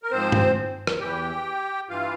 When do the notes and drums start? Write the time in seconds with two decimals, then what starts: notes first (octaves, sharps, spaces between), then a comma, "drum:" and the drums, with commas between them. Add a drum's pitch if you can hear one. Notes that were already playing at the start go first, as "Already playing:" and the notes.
0.03 A#4
0.11 G#2 F3 C4 C5
0.32 drum: tom G2
0.87 drum: rim click
1.00 E2 E3 G4 G5
1.89 G2 E3 F4 F5